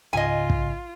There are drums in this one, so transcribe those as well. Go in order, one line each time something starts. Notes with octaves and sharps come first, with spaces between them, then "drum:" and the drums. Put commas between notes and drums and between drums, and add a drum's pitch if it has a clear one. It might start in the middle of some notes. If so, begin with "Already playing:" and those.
C#2 G#2 C#3 F4 D#5 G#5
drum: kick